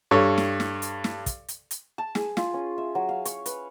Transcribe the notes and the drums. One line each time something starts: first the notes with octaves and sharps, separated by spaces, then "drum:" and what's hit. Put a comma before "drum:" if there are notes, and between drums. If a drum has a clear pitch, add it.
G2 A4 C#5
drum: snare
drum: snare
drum: hi-hat
drum: snare
drum: kick, hi-hat
drum: hi-hat
drum: hi-hat
A5
G#4, drum: snare
F4, drum: snare
C#4
E5
F#3
F5
C#5, drum: hi-hat
B4, drum: hi-hat